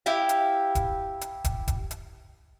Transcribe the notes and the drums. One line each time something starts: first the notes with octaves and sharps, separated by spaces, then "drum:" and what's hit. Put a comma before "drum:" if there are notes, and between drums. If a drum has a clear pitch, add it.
E4 G4 F5
drum: hi-hat
drum: kick, hi-hat
drum: hi-hat
drum: kick, hi-hat
drum: kick, hi-hat
drum: hi-hat